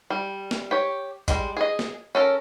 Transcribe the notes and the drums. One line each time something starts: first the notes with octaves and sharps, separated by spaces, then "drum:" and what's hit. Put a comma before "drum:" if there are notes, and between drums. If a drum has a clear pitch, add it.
G3
drum: snare
G4 C#5
G3 G#3, drum: kick A1, hi-hat
G#4 D#5
drum: snare
C#4 A4 A#4